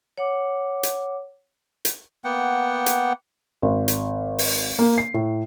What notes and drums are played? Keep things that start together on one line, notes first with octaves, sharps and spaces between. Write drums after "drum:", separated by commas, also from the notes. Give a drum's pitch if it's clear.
C#5 F#5 D6
drum: hi-hat
drum: hi-hat
A#3 B3 F#5 G5
drum: hi-hat
G#1
drum: hi-hat
drum: open hi-hat
A#3
C7
A2